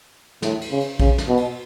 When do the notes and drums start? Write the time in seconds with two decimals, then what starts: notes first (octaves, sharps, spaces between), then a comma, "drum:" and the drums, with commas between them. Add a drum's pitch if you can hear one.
0.42 A2, drum: snare
0.61 drum: cymbal
0.71 C#3
0.80 drum: cymbal
1.00 C#3, drum: kick A#1, cymbal
1.18 drum: snare
1.28 B2
1.37 drum: cymbal